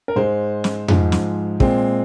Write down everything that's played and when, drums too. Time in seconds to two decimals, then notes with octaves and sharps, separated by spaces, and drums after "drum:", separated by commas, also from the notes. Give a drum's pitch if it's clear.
0.08 A#4
0.16 G#2 G#3 C5
0.64 drum: snare
0.88 G#2 F3 G#3, drum: tom F2
1.12 drum: snare
1.60 A#2 G#3 C4, drum: kick